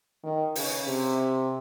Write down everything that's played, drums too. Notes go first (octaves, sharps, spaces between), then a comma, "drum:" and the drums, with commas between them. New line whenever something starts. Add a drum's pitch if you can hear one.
D#3
C#3, drum: open hi-hat
C3